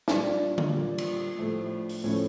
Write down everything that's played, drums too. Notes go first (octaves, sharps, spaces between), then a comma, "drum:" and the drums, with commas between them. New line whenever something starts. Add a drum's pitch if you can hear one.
A#2 G3 D4 D5, drum: snare
drum: tom D3
A#2 G3
drum: cymbal
A2 F3 A3
drum: open hi-hat
A2 F3 A3 C#4 C#5